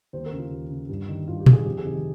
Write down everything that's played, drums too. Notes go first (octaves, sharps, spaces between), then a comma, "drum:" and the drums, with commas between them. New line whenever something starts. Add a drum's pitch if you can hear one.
D#2 C5
A#4
C#3
F4
D#2
C#3
G2
D#3
G2 F4
G4
D#3, drum: tom A#2
G#4
F2 G4
G#4
C3 D#3